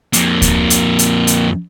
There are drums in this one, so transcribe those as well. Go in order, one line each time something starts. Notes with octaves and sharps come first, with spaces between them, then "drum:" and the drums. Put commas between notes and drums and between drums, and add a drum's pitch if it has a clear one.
F2 A#3, drum: hi-hat
drum: kick D2, hi-hat
drum: hi-hat
drum: hi-hat
drum: hi-hat